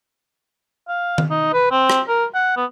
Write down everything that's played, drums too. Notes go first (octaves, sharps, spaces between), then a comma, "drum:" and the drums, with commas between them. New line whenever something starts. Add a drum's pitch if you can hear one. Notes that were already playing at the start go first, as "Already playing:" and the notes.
F5
drum: tom D#3
D#4
B4
C4
drum: rim click
A#4
F#5
B3